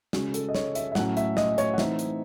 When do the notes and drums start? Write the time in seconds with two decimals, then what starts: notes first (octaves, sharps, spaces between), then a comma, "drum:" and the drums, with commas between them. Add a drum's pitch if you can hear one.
0.13 C#3 G#3 C#4 F#4, drum: snare
0.34 A4, drum: hi-hat
0.49 D#5
0.55 C#5, drum: snare
0.75 E5, drum: hi-hat
0.92 E5
0.95 A2 F#3 A3 C#4 F#5, drum: snare
1.17 E5, drum: hi-hat
1.37 D#5, drum: snare
1.58 C#5, drum: hi-hat
1.74 F#5
1.78 E3 A3 C4 D#4 E5, drum: snare
1.99 drum: hi-hat